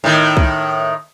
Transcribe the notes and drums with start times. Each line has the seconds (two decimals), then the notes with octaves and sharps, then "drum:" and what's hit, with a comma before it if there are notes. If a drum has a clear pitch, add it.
0.04 A2 D#3
0.37 drum: kick C2